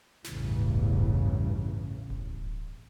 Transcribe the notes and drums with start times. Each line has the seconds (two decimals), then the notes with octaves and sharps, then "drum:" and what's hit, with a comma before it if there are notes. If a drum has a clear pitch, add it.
0.24 A1 E2 G2 C#3 E3, drum: snare
0.62 drum: kick D1
2.10 drum: kick D1